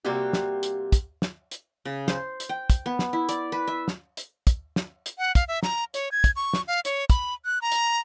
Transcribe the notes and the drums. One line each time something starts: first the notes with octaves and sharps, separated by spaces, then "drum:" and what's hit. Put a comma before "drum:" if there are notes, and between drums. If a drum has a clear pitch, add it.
C3 G3 A#3 C4 F#4 G4
drum: snare
drum: hi-hat
drum: kick, hi-hat
drum: snare
drum: hi-hat
C#3
C5, drum: snare
drum: hi-hat
G5
drum: kick, hi-hat
B3
drum: snare
E4
D5, drum: hi-hat
B4
E5
drum: snare
drum: hi-hat
drum: kick, hi-hat
drum: snare
drum: hi-hat
F#5
F5, drum: kick, hi-hat
E5
A#5, drum: snare
C#5, drum: hi-hat
G#6
drum: kick, hi-hat
C#6
drum: snare
F5
C#5, drum: hi-hat
B5, drum: kick, hi-hat
F#6
A#5
drum: hi-hat